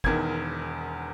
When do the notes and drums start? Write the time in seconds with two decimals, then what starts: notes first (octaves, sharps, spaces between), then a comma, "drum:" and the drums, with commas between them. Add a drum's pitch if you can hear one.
0.04 E1 E2 D#3 G#6, drum: kick